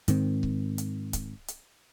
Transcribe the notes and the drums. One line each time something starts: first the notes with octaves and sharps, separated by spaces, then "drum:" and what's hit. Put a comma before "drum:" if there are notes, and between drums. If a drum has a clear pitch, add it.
G#2 D#3 C4, drum: hi-hat
drum: kick C#1
drum: hi-hat
drum: kick C#1, hi-hat
drum: hi-hat